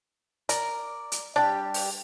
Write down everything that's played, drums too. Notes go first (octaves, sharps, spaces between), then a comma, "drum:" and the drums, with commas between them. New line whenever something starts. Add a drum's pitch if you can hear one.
A#4 D5, drum: hi-hat
drum: hi-hat
G3 D4 G4
drum: open hi-hat